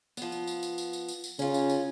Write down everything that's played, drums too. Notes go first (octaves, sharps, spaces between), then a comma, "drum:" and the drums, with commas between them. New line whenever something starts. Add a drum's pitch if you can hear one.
F3 B3, drum: tambourine
drum: tambourine
drum: tambourine
drum: tambourine
drum: tambourine
drum: tambourine
drum: tambourine
drum: tambourine
C#3 C#4 F4, drum: tambourine
drum: tambourine
drum: tambourine